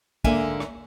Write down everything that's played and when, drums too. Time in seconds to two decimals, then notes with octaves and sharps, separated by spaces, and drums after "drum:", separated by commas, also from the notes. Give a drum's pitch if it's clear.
0.24 G#2 D3 A#3 E5 F5 G#5, drum: kick
0.60 drum: rim click